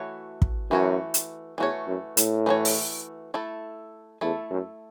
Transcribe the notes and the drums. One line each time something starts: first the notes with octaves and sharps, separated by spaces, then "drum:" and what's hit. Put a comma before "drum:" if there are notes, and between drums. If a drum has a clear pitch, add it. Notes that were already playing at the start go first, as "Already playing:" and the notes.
Already playing: E3 A3 F#4 C#5
drum: kick
F#2 E3 A3 F#4 C#5
drum: hi-hat
E2 E3 A3 F#4 C#5
F#2
A2, drum: hi-hat
E3 A3 F#4 C#5
drum: open hi-hat
A3 E4 A4
E2 A3 E4 A4
F#2